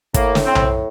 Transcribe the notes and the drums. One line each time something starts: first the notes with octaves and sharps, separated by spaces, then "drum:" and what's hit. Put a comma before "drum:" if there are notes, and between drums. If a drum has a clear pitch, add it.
A2 A#3, drum: kick, hi-hat
drum: snare
C4
drum: tom B1